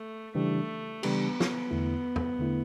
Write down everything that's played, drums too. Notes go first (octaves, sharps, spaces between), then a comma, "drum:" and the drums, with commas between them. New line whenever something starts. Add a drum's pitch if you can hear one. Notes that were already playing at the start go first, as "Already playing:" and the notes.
Already playing: A3
C#3 E3 G3 A3 D4 G4
C#3 E3 G3 B3 D4 G4, drum: cymbal
drum: snare
E2 D3 A3 E4
drum: tom E2
E2 D3 A3 E4